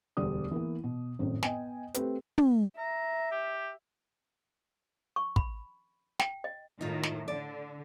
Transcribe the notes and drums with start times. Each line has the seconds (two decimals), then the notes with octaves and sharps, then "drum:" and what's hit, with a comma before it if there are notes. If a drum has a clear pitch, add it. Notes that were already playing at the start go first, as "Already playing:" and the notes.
0.17 E1 D2 D3 G3 D5 D#6
0.51 E3 A#3 B3
0.84 B2
1.19 G#1 F#2 A2
1.43 B3 D#5 G5 G#5, drum: snare
1.94 A3 C4 G4 B4, drum: hi-hat
2.38 drum: tom
2.78 E5 A#5
3.32 G4
5.16 C#6
5.36 B5, drum: kick
6.19 G5, drum: snare
6.44 D#5
6.81 A2 D#3 D#4 F4
7.03 drum: snare
7.28 D3 D5